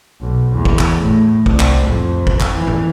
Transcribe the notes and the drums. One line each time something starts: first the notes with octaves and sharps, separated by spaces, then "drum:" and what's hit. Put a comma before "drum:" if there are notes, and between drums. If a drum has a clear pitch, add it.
B1
E2
drum: kick
drum: clap
A2
C2, drum: kick
drum: clap
F2, drum: tom A2
drum: kick
drum: clap
E3
drum: tom G#2